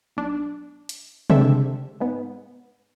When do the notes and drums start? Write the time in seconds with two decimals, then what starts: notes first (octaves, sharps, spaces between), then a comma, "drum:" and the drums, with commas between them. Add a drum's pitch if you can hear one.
0.17 B1 D4
0.89 drum: hi-hat
1.30 G#3 C4 D4 A4 E5, drum: tom C3
2.00 G#2 B3